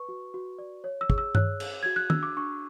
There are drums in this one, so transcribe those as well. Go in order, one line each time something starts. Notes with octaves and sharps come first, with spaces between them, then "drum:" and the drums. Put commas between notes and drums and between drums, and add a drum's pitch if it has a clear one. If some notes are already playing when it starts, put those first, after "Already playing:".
Already playing: B4 C#6
F#4
F#4
D5
C#5
E6
G#4, drum: kick
E6
C#5 F#6, drum: tom G2
G#4, drum: cymbal
F#4 G#6
F#6
D4 E6, drum: tom
D6
D4 C#6